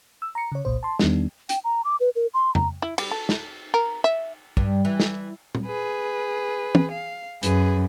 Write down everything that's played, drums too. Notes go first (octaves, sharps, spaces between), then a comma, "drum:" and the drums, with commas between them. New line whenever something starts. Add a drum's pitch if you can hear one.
E6
A#5 C#7
C#3 C#5
G1 C2 A#2 C5
A5 C6
E2 D#3 G3 B3 D4 D#4, drum: snare
G5, drum: hi-hat
A#5
D6
B4
A#4
C6
A#5, drum: tom F2
E4
G3, drum: cymbal
A4
drum: snare
A#4
E5
G2, drum: kick
E3
drum: snare
drum: tom
G#4 B4
drum: tom
F5
F#2 G#4 B4, drum: hi-hat